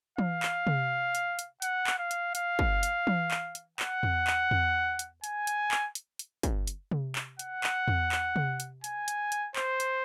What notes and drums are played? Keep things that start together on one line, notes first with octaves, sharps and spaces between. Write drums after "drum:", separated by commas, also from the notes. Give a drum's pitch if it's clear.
F5, drum: tom E3
drum: clap
drum: tom C3
drum: hi-hat
drum: hi-hat
F#5, drum: hi-hat
drum: clap
F5
drum: hi-hat
F5, drum: hi-hat
drum: kick
drum: hi-hat
drum: tom E3
drum: clap
drum: hi-hat
F#5, drum: clap
drum: tom E2
drum: clap
drum: tom E2
drum: hi-hat
G#5, drum: hi-hat
drum: hi-hat
drum: clap
drum: hi-hat
drum: hi-hat
drum: kick, hi-hat
drum: hi-hat
drum: tom C3
drum: clap
F#5, drum: hi-hat
drum: clap
drum: tom E2
drum: clap
drum: tom C3
drum: hi-hat
G#5, drum: hi-hat
drum: hi-hat
drum: hi-hat
C5, drum: clap
drum: hi-hat